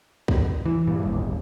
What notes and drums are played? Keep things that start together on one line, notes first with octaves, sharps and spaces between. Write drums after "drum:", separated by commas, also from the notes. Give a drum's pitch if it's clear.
drum: kick
E3
G2 A#2 G3
D1 G1 D#2